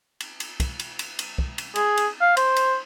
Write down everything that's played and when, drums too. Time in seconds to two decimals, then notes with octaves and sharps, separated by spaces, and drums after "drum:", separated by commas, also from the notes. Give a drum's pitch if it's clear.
0.20 drum: cymbal
0.40 drum: cymbal
0.60 drum: kick, cymbal
0.79 drum: cymbal
0.99 drum: cymbal
1.19 drum: cymbal
1.38 drum: kick
1.58 drum: cymbal
1.76 G#4, drum: cymbal
1.97 drum: cymbal
2.21 F5
2.37 C5, drum: cymbal
2.56 drum: cymbal